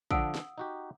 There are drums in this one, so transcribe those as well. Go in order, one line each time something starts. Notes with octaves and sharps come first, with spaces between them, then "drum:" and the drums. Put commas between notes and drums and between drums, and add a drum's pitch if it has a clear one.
D3 F3 D4 F5 F#5 D#6 E6 D7, drum: kick
drum: snare
D#4 F#4 G4